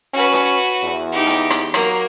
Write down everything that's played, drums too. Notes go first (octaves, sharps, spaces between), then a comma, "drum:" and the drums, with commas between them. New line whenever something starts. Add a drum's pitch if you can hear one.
C#4 F#4 B4
drum: hi-hat
E2
D#4 G4
drum: hi-hat
drum: rim click
F#3 A#3, drum: rim click